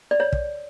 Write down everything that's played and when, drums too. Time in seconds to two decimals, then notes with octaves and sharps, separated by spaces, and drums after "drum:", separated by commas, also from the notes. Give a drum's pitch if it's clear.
0.11 D5
0.20 C#5
0.33 drum: kick